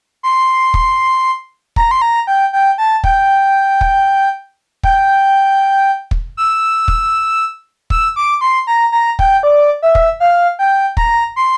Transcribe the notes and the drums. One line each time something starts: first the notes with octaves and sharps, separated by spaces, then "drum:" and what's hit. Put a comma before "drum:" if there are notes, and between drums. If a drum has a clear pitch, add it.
C6
drum: kick
A#5, drum: kick
C6
A#5
G5
G5
A5
G5, drum: kick
drum: kick
G5, drum: kick
drum: kick
E6
drum: kick
E6, drum: kick
D6
C6
A#5
A#5
G5, drum: kick
D5
E5
drum: kick
F5
G5
A#5, drum: kick
C6